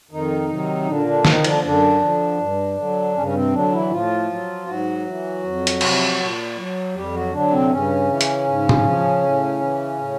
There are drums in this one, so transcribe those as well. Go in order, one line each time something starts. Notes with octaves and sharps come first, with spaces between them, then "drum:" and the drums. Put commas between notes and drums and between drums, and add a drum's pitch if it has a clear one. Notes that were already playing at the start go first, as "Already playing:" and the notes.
F2 D#3 D#4
C3 D#3 F#3
A#2 D3 D4
D3 D4
D#3 F3 D#4, drum: snare
D3 D4, drum: cymbal
F#2 D3 D4
D3 F3
G2
D3 F#3
G2 C#3 C#4
C#4
C3 C4
D3 F#3 D4
E3 E4
A2 F3 F4
F#3
G#2 F#3 F#4
E3
F2
drum: hi-hat
C3 F3, drum: cymbal
A#2
F#3
F2 G3 G4
F#3 F#4
D3 F#3 D4
C3 C4
G2 C#3 C#4
E3
drum: hi-hat
G#2
drum: tom A2
F3
A2
E3
A2